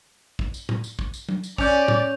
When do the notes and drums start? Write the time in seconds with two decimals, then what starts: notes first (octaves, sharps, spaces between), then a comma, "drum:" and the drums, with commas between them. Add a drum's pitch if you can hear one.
0.39 drum: kick
0.54 drum: tambourine
0.69 drum: tom
0.84 drum: tambourine
0.99 drum: kick
1.14 drum: tambourine
1.29 drum: tom
1.43 drum: tambourine
1.58 C#4 D5 G6 F7, drum: kick
1.88 drum: tom